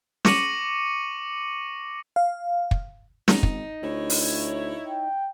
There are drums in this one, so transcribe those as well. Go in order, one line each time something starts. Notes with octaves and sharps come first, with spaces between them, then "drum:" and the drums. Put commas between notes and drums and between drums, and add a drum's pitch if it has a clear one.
C#6 D6 A#6 C#7 D#7 F#7, drum: snare
F5
drum: kick
G#1 D#4, drum: snare
drum: kick
D2 E4 C#5
drum: open hi-hat
G5